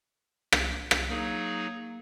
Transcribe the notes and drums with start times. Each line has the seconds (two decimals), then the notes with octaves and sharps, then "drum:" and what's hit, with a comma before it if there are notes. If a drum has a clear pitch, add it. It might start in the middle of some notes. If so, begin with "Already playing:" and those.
0.52 drum: rim click
0.91 drum: rim click
1.10 F#3 A#3 D#4 G#4